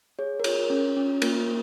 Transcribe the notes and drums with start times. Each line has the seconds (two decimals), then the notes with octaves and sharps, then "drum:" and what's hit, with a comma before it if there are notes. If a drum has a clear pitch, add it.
0.19 G#4 C#5
0.40 A#4
0.44 G#4 C#5, drum: cymbal
0.70 C#4
0.97 C#4
1.22 A#3 A#4, drum: cymbal
1.47 A#3